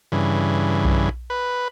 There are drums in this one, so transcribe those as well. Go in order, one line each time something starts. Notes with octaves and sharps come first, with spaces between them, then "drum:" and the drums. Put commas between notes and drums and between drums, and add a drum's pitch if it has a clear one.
G2 C#3 E3
drum: kick B1
B4